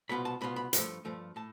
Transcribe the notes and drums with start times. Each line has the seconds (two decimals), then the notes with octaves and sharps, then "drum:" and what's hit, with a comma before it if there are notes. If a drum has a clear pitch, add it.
0.09 C2 B2 B3 F4 B5
0.25 A5
0.41 C2 B2 B3 F4 B5
0.56 B5
0.73 G2 F3 A3, drum: hi-hat
1.05 G2 F3 A3
1.36 A2 A5